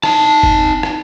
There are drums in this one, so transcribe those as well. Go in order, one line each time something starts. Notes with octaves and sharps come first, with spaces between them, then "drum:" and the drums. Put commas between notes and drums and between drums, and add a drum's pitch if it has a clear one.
D#4 A5, drum: rim click
drum: kick F#1
drum: rim click